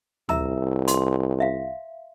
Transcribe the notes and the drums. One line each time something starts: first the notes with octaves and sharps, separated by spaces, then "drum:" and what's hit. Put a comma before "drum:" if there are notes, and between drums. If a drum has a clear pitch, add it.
C2 E5 A#5 E6, drum: tom D2
C6, drum: hi-hat
E5 F5